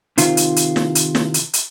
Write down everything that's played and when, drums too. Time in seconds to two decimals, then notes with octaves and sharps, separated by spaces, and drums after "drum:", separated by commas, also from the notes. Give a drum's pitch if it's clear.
0.18 C3 D#3 F4, drum: hi-hat
0.37 drum: hi-hat
0.56 drum: hi-hat
0.76 drum: snare
0.95 drum: hi-hat
1.15 drum: snare
1.34 drum: hi-hat
1.53 drum: hi-hat